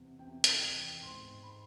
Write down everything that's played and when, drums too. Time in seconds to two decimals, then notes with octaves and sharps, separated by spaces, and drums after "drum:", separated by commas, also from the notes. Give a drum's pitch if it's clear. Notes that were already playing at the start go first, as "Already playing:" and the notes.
Already playing: E2 C3
0.19 C3 G5
0.44 drum: hi-hat
0.60 E2 G5
1.02 G#2 C6
1.43 B5